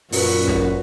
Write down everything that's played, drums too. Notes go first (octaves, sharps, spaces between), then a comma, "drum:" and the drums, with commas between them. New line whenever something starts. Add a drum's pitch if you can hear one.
F#2 A#2 F#4 B4, drum: open hi-hat
drum: snare